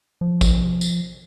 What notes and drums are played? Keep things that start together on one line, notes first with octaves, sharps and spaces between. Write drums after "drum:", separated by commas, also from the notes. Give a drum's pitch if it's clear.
F3
drum: kick A1, tambourine
drum: tambourine